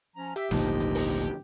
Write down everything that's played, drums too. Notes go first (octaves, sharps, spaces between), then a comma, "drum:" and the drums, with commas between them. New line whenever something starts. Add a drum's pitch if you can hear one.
F3 C#4 A#5
G4 E5, drum: hi-hat
G#1 D2 A#2 F3 D#4, drum: snare
drum: hi-hat
drum: hi-hat
drum: open hi-hat
drum: hi-hat